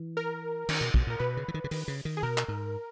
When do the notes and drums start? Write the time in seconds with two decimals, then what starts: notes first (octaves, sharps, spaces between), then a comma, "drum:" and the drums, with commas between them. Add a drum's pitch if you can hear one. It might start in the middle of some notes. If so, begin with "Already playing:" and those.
Already playing: E3
0.17 A#4
0.69 D#3, drum: cymbal
0.81 B2
0.94 B2, drum: kick
1.07 A#2 A#4
1.19 B2 B4
1.37 C#3
1.48 E3
1.54 D#3
1.64 C#3
1.71 D#3, drum: open hi-hat
1.88 C#3
2.05 D#3
2.17 G#4
2.23 B2 A#4
2.38 drum: clap
2.48 G#2